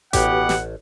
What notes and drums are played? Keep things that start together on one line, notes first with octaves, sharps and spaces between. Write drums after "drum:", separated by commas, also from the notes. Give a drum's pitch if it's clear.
A1 B2 G4 F#5, drum: kick A1, hi-hat
drum: snare